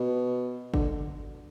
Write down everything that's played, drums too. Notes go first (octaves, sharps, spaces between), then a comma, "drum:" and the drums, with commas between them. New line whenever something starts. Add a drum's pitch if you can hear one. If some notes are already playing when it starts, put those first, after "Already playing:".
Already playing: B2
D3, drum: kick G1